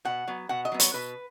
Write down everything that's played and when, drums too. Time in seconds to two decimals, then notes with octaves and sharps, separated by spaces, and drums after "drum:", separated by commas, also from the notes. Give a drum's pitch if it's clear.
0.05 B2 F#5
0.28 F#3 B3
0.49 B2 F#5
0.65 D#5
0.72 F#3 B3
0.80 C#5, drum: hi-hat
0.94 B2 B4